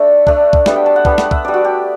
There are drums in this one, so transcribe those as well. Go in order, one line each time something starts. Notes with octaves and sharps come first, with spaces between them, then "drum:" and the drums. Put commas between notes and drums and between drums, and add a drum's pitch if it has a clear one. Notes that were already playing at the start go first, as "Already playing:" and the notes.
Already playing: A3 D4 E5
A3 D4, drum: kick
drum: kick
G3 B3 D4 F#5, drum: snare
G5
A5
F#5
G3 B3 D4, drum: kick
F#5, drum: snare
E5, drum: kick
G3 D4 D5
F#4
G4